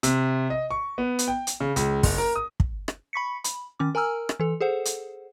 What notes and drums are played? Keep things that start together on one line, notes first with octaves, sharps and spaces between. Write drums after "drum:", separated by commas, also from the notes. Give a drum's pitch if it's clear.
C3, drum: hi-hat
D#5
C#6
B3
drum: hi-hat
G5
drum: hi-hat
C#3
C#2, drum: hi-hat
F#1, drum: kick, open hi-hat
A#4
D#6
drum: kick
drum: rim click
B5 C#6 B6 C#7
B5, drum: hi-hat
D#3 C#4 D6
A#4 G#5 A#5 E6 F6
drum: rim click
E3 A4
G#4 A4 C5 F#5
drum: hi-hat